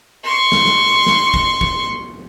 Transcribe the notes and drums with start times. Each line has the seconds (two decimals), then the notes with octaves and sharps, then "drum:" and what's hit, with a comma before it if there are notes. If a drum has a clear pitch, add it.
0.24 C6 C#6
0.52 drum: snare
0.65 drum: snare
1.06 drum: snare
1.34 drum: kick
1.61 drum: kick